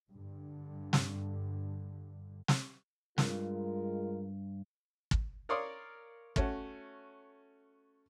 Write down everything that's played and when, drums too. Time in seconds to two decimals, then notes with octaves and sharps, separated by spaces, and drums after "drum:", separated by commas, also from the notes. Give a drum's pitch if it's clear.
0.11 G2 D3
0.93 drum: snare
2.48 drum: snare
3.18 C#2 G2 G#3 F4 A#4, drum: snare
5.11 drum: kick
5.49 A#4 C#5 D5 F5 C6 D#6
6.36 A3 C#4 F#4, drum: kick